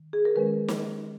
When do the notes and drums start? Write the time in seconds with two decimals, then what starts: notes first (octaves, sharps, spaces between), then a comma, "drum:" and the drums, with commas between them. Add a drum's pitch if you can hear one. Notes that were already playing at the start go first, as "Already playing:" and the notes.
Already playing: D#3
0.13 G#4
0.25 A#4
0.36 D#3 G#3 C#4 B4
0.68 drum: snare